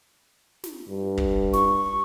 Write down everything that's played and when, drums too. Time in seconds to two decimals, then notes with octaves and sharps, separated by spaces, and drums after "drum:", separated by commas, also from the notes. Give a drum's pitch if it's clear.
0.64 drum: snare
0.89 G2
1.17 drum: kick
1.53 C#6, drum: snare